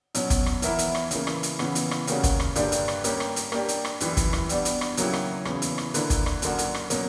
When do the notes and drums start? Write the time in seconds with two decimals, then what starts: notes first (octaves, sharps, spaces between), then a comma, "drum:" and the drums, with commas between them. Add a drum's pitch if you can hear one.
0.15 B2 F#3 C#4, drum: hi-hat
0.30 drum: kick, hi-hat
0.46 drum: rim click
0.62 E3 B3 E4 A#4 E5, drum: hi-hat
0.79 drum: hi-hat
0.95 drum: rim click
1.11 C#3 E3 A#3, drum: hi-hat
1.27 drum: rim click
1.43 drum: hi-hat
1.59 C#3 E3 B3, drum: rim click
1.75 drum: hi-hat
1.91 drum: rim click
2.07 C#3 G3 A#3 C#4 F#4, drum: hi-hat
2.24 drum: kick, hi-hat
2.40 drum: rim click
2.56 G2 D3 A#3 D4 G4, drum: hi-hat
2.72 drum: hi-hat
2.88 drum: rim click
3.04 G3 A#3 C#4 G4, drum: hi-hat
3.20 drum: rim click
3.36 drum: hi-hat
3.52 A#3 D4 G4, drum: rim click
3.68 drum: hi-hat
3.85 drum: rim click
4.00 F#2 E3 G3, drum: hi-hat
4.17 drum: kick, hi-hat
4.33 drum: rim click
4.49 G3 B3 D4, drum: hi-hat
4.65 drum: hi-hat
4.81 drum: rim click
4.97 C#3 F#3 A#3 E4 G4, drum: hi-hat
5.13 drum: rim click
5.45 E2 C#3 E3, drum: rim click
5.62 drum: hi-hat
5.78 drum: rim click
5.94 D3 A#3 E4 B4, drum: hi-hat
6.10 drum: kick, hi-hat
6.26 drum: rim click
6.42 F#2 D3 A#3 D4 F#4, drum: hi-hat
6.58 drum: hi-hat
6.75 drum: rim click
6.90 B2 F#3 A#3 C#4, drum: hi-hat